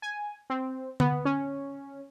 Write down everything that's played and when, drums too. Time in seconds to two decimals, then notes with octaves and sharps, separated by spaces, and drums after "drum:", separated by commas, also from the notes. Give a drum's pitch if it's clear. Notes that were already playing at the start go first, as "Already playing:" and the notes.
0.02 G#5
0.50 C4
1.00 B3, drum: tom D3
1.25 C#4